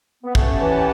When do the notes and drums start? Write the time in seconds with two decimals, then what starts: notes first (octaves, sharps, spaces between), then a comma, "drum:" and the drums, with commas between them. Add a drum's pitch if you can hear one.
0.24 B3
0.35 A3 C#4 G4 B4 F#5 A5, drum: kick
0.60 E3